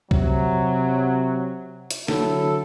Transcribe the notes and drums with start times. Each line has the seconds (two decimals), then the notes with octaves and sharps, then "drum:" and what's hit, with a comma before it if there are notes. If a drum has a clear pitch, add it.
0.11 C3 F#3, drum: kick B1
1.91 drum: hi-hat
2.08 D3 F#3 E4 A4, drum: snare